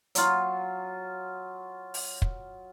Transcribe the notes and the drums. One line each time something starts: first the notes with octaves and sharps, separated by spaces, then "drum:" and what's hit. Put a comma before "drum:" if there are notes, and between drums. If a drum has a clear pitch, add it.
F#3 F4, drum: hi-hat
drum: open hi-hat
drum: kick